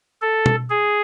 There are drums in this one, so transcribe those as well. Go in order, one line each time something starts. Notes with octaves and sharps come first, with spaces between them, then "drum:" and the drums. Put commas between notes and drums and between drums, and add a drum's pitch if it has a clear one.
A4
drum: tom B2
G#4